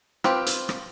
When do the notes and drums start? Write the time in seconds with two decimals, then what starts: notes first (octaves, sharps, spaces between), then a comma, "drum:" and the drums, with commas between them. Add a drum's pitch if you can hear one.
0.24 C4 F4 G4 B4, drum: rim click
0.46 drum: hi-hat
0.69 drum: rim click